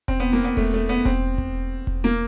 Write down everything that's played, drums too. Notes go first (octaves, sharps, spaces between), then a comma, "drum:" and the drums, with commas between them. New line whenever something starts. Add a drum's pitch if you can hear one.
C4, drum: kick E1
B3
A#3
B3
A3, drum: kick E1
A3
B3
C4, drum: kick E1
drum: kick E1
drum: kick E1
A#3